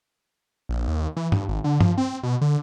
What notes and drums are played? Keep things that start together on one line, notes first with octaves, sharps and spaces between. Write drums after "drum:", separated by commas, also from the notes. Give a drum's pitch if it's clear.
A#1
D#2
E3
G2, drum: tom G2
G#1
D3
F3, drum: tom G2
C4
B2
D3